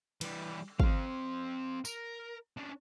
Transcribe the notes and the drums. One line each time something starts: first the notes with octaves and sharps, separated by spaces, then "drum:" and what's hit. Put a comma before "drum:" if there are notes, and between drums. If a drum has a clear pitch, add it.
E3 G3, drum: cymbal
C4 F5, drum: kick
A#4, drum: tambourine
C#4 D4